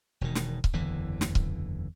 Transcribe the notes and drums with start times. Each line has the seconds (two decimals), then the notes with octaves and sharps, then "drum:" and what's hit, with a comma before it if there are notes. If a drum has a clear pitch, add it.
0.21 E1 B2 D#3
0.35 drum: snare
0.64 drum: kick C#1
0.73 F#1 E2 D3 E3
1.21 drum: snare
1.35 drum: kick C#1